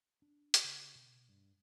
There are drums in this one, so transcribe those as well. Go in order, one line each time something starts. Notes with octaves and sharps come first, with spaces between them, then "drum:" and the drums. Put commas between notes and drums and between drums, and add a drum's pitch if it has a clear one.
D4
drum: hi-hat
C#3
B2
G2